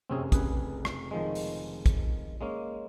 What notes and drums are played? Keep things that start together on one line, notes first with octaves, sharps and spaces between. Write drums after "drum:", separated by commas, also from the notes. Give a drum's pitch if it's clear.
F1 F#2 C3 C4 C#4 G#4
F1 C#3 G#4 B4, drum: kick, hi-hat
drum: rim click
D#3 F3 G#3
drum: open hi-hat
drum: kick, hi-hat
G#3 A#3 C#4